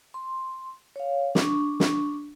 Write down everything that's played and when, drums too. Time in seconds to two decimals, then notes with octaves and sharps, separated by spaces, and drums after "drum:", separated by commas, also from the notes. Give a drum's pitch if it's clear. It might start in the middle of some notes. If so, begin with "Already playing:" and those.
0.14 C6
0.96 C#5 F5
1.35 D4 C#6, drum: snare
1.80 drum: snare